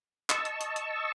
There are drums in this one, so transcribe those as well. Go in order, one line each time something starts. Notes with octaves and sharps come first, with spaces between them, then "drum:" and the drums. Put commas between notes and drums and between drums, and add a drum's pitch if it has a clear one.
D#5 A5 C#6 E6, drum: clap
drum: hi-hat
drum: hi-hat
drum: hi-hat